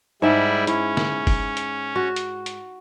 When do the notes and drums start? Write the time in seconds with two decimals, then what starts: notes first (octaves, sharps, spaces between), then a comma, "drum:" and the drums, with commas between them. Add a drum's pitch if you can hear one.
0.22 G#2 G3 E4 E5
0.67 C#4 E4, drum: hi-hat
0.97 drum: snare
1.27 drum: kick F#1, open hi-hat
1.57 drum: hi-hat
1.96 F#4
2.16 drum: hi-hat
2.46 drum: hi-hat